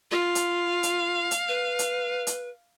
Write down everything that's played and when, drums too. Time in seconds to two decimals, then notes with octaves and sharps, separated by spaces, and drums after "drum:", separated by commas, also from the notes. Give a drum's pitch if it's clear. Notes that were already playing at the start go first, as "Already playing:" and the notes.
0.11 F4 F5
0.35 drum: hi-hat
0.83 drum: hi-hat
1.31 drum: hi-hat
1.48 B4
1.79 drum: hi-hat
2.27 drum: hi-hat